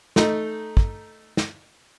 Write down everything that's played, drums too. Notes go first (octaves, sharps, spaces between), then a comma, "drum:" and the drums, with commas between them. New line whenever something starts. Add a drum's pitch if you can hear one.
A3 D#4, drum: snare
drum: kick
drum: snare